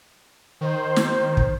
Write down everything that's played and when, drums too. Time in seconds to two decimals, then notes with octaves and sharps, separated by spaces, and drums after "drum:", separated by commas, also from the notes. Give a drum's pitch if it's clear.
0.61 D#3 C5
0.96 drum: snare
1.37 drum: kick